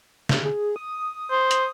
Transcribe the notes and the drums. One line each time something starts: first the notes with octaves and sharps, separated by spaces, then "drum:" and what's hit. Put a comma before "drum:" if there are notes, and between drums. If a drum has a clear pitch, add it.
drum: snare
G#4
D#6
C5
drum: hi-hat